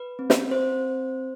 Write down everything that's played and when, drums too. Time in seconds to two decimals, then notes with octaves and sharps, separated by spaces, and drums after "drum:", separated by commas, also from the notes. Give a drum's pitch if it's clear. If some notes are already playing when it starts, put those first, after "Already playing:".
Already playing: B4
0.19 C4
0.30 drum: snare
0.51 C4 C5